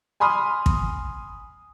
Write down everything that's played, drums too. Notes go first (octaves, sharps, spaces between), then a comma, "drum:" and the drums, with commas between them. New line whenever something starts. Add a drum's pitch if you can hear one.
G#5 B5 C6 D#6 F6
drum: kick